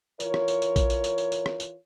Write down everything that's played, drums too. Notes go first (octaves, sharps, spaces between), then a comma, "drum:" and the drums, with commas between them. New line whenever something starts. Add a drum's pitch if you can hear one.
E3 F4 A#4 C#5, drum: tambourine
drum: rim click
drum: tambourine
drum: tambourine
drum: kick, tambourine
drum: tambourine
drum: tambourine
drum: tambourine
drum: tambourine
drum: rim click
drum: tambourine